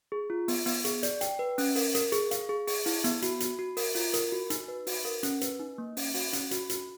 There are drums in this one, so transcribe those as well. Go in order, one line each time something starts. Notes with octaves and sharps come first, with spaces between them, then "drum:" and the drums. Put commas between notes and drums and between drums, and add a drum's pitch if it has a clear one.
G#4
F4
B3, drum: open hi-hat
B3, drum: open hi-hat
G#4, drum: hi-hat
D5, drum: hi-hat
G5, drum: hi-hat
B4
C#4, drum: open hi-hat
A#4, drum: open hi-hat
A#4, drum: hi-hat
G#4, drum: hi-hat
F5, drum: hi-hat
G#4
G#4, drum: open hi-hat
E4, drum: open hi-hat
B3, drum: hi-hat
F#4, drum: hi-hat
F#4, drum: hi-hat
F#4
A#4, drum: open hi-hat
F4, drum: open hi-hat
A#4, drum: hi-hat
F#4
D#4, drum: hi-hat
B4
F#4, drum: open hi-hat
A#4
C#4, drum: hi-hat
B4, drum: hi-hat
D#4
A#3
C#4, drum: open hi-hat
F#4, drum: open hi-hat
C#4, drum: hi-hat
F#4, drum: hi-hat
F#4, drum: hi-hat